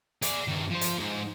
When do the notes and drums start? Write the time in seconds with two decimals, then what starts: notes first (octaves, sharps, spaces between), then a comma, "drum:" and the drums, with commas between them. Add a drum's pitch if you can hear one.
0.22 G#4 D5, drum: hi-hat
0.47 G2 D#3
0.70 F3 C5
0.81 drum: hi-hat
0.97 D#2 G#2